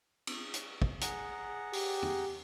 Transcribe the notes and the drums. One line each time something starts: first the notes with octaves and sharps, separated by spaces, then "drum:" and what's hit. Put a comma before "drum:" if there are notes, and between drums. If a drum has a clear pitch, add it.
drum: cymbal
drum: hi-hat
drum: kick
G#4 F#5 A#5, drum: hi-hat
G4, drum: open hi-hat
drum: tom